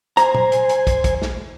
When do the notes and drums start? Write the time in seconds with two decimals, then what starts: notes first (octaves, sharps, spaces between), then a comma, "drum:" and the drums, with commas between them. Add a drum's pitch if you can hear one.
0.17 C5 G#5 A#5, drum: hi-hat
0.34 drum: tom A#2
0.52 drum: hi-hat
0.69 drum: hi-hat
0.87 drum: kick, hi-hat
1.04 drum: kick, hi-hat
1.22 drum: snare